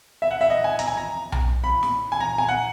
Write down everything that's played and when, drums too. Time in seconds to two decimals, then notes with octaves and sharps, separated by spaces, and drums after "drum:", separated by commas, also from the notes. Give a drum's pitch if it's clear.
0.22 E5
0.31 F#5
0.41 E5
0.50 D#5
0.64 G#5
0.79 A#5, drum: hi-hat
0.88 G#5
0.97 A#5
1.32 drum: tom B1
1.64 B5
1.83 drum: snare
2.12 G#5
2.20 A#5
2.38 G#5
2.49 F#5